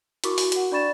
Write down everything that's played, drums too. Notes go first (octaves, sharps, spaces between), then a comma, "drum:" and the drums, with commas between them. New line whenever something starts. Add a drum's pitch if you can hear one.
E4 F#4 A#4 C#6 D6, drum: hi-hat
drum: open hi-hat
F#4 F#5, drum: hi-hat
D4 D5 B5 C#6 A6 E7